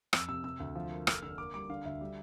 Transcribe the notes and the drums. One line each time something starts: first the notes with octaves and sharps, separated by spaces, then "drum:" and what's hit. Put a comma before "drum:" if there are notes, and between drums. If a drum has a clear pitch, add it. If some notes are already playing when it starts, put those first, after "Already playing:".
F2 E6, drum: rim click
C3 E6
C3 E6
D2
F3
A#3
F1 F6, drum: rim click
D3 E6
A#3 D6
G3 D6
D3 F5
D2 E5
G3